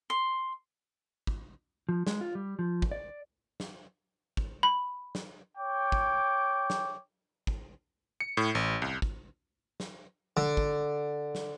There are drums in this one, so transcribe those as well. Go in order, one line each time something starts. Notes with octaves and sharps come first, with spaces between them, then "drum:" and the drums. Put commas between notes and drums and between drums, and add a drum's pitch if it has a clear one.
C6
drum: kick
F3
G#3, drum: snare
F4
G3
F3
drum: kick
D5
drum: snare
drum: kick
B5
drum: snare
C#5 G5 D6
drum: kick
drum: snare
drum: kick
C#7
A2
A1
C2
drum: kick
drum: snare
D3
drum: kick
drum: snare